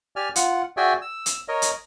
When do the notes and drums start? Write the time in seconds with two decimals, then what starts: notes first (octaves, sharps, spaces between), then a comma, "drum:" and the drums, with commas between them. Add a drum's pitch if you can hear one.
0.16 G4 D5 G#5 F6
0.36 F4 F#5, drum: hi-hat
0.77 F#4 G#4 D5 E5 G5 G#5
1.02 E6
1.26 drum: hi-hat
1.48 A#4 C#5 D#5
1.62 drum: hi-hat